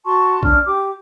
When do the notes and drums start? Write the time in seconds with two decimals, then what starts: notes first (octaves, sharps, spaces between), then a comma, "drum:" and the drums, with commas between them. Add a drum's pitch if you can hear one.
0.05 F#4 A5 C6 C#6
0.43 C#4 D4 F6, drum: kick A#1
0.65 G4 D6